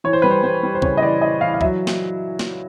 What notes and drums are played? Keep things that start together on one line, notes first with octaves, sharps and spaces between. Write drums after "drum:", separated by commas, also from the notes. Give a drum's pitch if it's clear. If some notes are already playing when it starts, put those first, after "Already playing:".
E3 C#5
C5
G3 B4
C5
G3 C5
G3
C5
C#3 C#5, drum: kick
D#5
E3 D5
E3 D#5
E3 F5
F5
F#3 E5, drum: kick
drum: snare
drum: snare